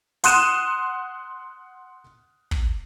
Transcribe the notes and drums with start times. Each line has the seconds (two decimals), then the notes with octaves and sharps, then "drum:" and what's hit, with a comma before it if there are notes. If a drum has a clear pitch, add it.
0.24 F#5 C6 D#6 F#6 D#7 E7, drum: hi-hat
2.51 drum: kick